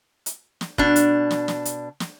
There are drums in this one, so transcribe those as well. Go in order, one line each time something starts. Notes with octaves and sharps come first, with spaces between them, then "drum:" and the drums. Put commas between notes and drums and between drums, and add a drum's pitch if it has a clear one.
drum: hi-hat
drum: snare
B2 D4, drum: kick
drum: hi-hat
drum: snare
drum: snare
drum: hi-hat
drum: snare